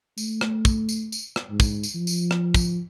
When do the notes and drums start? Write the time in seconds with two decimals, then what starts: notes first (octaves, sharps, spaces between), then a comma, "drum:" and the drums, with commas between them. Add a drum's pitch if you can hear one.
0.18 A3, drum: tambourine
0.41 drum: rim click
0.65 drum: kick, tambourine
0.89 drum: tambourine
1.12 drum: tambourine
1.36 drum: rim click
1.51 G#2
1.60 drum: kick, tambourine
1.83 drum: tambourine
1.95 F3
2.07 drum: tambourine
2.31 drum: rim click
2.54 drum: kick, tambourine